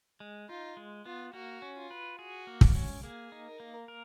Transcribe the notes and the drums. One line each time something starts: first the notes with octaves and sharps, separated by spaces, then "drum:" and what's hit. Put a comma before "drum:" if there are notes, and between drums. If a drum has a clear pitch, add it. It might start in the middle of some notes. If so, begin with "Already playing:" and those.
G#3
D#4 F4
G#3
B3 F4
A#3 F#4
C#4
F4
B4
F#4 G#4
A#3
drum: kick
C#4
A#3 G#4
D#4
A#4
A#3
A#4